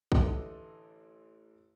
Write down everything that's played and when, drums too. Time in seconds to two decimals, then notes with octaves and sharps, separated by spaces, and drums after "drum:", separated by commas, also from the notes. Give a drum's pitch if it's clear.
0.12 A1 D3 E3 A4 D#5, drum: kick